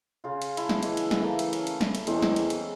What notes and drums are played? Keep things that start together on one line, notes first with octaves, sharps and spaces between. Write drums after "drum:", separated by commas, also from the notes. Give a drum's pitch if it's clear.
C#3 F4
drum: cymbal
E4 A5, drum: cymbal
drum: snare
E3 G#3, drum: cymbal
drum: cymbal
drum: snare
A3 A#3
drum: cymbal
C#4, drum: cymbal
drum: cymbal
drum: snare
drum: cymbal
E2 G#3 C4 C#4, drum: cymbal
drum: snare
drum: cymbal
drum: cymbal